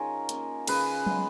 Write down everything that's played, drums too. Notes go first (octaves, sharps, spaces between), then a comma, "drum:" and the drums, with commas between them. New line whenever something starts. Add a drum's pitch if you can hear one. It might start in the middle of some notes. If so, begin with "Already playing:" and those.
Already playing: D#3 C#4 D#4 F4 G#4 A#4 C#5
A#3 C#4, drum: hi-hat
C#3 G#4 B4, drum: cymbal
G#3 B3, drum: tom